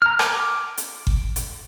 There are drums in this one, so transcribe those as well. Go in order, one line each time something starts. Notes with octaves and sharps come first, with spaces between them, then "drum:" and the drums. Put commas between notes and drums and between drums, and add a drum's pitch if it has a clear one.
A#5 F6
D6, drum: rim click
drum: hi-hat
drum: kick G1
drum: hi-hat